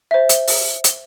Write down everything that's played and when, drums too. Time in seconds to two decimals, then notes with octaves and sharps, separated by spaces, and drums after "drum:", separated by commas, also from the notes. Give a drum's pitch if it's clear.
0.11 C5 E5
0.29 drum: hi-hat
0.47 drum: open hi-hat
0.84 drum: hi-hat